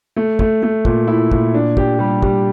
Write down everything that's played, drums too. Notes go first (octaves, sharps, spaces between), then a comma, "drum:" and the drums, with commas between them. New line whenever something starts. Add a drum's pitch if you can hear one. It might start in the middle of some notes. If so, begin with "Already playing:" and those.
A3
A3, drum: kick
A3
A#2, drum: kick
E4
A#2, drum: kick
D4
G4, drum: kick
G3
G3, drum: kick